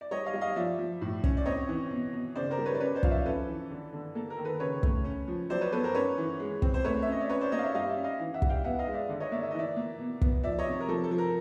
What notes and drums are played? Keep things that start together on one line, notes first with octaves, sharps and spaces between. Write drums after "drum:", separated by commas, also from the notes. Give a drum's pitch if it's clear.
D5
G3 C#5 D#5
D#5 F5
G3
D#5 F5
F3 D5 E5
F3
A2
C#4, drum: kick
D5
C4 C#5 D#5
E3
B2
B2
C#3 C5 D5
A#4 C5
G3
B4 C#5
D5
C#4 B4 C#5
C5 D5
F3 F5, drum: kick
D5 E5
C#4 A4 B4
E3
D3
D3
A#3 A4
A#4
D#3
A4 B4
C#3 B4 C#5
A3, drum: kick
C#4
F3
F#3 C5 D5
B4 C#5
B3 A4 B4
A#4 C5
C#4 B4 C#5
E3
G#3
C4, drum: kick
C5
A3 B4 C#5
E5
C#4 D#5
D5
C#4 B4 C#5
C5 D5
A#3 C#5 D#5
F5
D5 E5
G3 D#5 F5
D5 E5
C#4
D#5 F5
E3
E5 F#5
G3, drum: kick
F5 G5
B3 E5 F#5
D#5 F5
G#3
D5 E5
D3
C#5 D#5
A#3 D5 E5
E5
D#5
E3 D5 E5
A#3
B2
B3, drum: kick
F3 D5 E5
C#5 D#5
C3
A#4
F3 A4
A4
F3
A#4